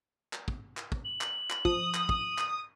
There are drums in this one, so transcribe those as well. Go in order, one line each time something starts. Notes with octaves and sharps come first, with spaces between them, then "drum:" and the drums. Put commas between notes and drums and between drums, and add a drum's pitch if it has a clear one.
drum: clap
drum: kick
drum: clap
drum: kick
F#7
drum: clap
drum: clap
F3 D#6, drum: kick
drum: clap
drum: kick
drum: clap